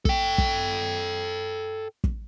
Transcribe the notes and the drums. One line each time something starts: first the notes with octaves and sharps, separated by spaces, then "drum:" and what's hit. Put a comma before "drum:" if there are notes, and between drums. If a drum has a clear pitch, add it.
A4 G5, drum: kick
drum: kick
drum: kick